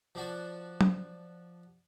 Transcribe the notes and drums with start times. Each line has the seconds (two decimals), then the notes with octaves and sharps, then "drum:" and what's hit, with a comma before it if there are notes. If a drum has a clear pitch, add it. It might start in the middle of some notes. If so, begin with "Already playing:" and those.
0.15 F3 D4 F#4
0.81 drum: tom